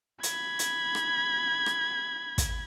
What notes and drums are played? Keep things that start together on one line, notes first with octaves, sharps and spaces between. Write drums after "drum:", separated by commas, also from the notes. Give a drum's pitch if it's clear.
B5 G#6, drum: hi-hat
drum: hi-hat
drum: rim click
drum: rim click
drum: kick, hi-hat